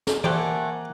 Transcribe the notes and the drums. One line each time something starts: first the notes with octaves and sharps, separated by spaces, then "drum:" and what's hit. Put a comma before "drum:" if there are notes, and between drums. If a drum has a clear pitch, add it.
drum: snare
E3 A3 A#3 C4 G4 D5 F#5 G#5